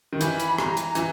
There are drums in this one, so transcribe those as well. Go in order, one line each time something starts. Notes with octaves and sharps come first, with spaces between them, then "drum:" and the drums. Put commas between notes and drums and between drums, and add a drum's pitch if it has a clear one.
D#3
E3 B5, drum: hi-hat
drum: hi-hat
A#5, drum: rim click
drum: hi-hat
E3, drum: hi-hat